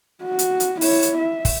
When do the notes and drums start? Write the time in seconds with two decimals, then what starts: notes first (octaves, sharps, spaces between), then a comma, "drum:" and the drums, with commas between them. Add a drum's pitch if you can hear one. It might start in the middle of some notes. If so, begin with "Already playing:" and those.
0.22 F#4
0.39 drum: hi-hat
0.60 drum: hi-hat
0.81 E4 C#5, drum: open hi-hat
1.02 drum: hi-hat
1.18 E5
1.45 drum: kick, open hi-hat